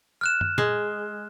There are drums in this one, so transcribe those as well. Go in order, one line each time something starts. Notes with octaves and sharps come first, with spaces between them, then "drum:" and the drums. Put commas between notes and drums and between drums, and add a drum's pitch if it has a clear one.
F6 F#6 E7
drum: tom
G#3, drum: tom A#2